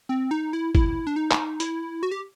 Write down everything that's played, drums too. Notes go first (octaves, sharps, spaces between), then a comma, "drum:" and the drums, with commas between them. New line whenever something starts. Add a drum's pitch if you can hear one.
C4
D#4
E4
E4, drum: kick
D4
D#4
drum: clap
E4, drum: hi-hat
F#4
G4